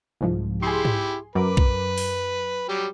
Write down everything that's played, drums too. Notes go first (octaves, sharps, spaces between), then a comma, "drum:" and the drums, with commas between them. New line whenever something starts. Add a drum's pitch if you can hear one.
C2 G#2 F3
E4 G4 G#4 C6
drum: tom G#2
F#2 A#4 B4 D6
drum: kick B1
drum: open hi-hat
F#3 G3 G4